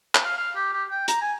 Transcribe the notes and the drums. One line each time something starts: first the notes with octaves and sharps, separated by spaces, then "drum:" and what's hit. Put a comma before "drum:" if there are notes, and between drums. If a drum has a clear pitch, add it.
drum: clap
F5
F5
G4
G4
G5
A#5, drum: hi-hat
G#5